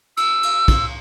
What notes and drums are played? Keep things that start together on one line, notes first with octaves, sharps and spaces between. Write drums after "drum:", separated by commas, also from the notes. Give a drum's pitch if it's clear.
E6, drum: cymbal
drum: cymbal
drum: kick, cymbal